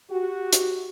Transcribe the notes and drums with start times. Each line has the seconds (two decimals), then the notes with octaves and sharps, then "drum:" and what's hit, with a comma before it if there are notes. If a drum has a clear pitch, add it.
0.11 F#4 G4
0.53 drum: hi-hat